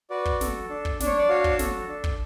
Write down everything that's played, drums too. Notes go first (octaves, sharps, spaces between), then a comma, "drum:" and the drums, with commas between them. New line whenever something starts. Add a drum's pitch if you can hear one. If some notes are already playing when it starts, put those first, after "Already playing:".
F#4 B4 D5
drum: kick
A4, drum: snare
D4
drum: kick
D4, drum: snare
C#5
D5
F#4 C#5 F5
drum: kick
A4, drum: snare
D4
drum: kick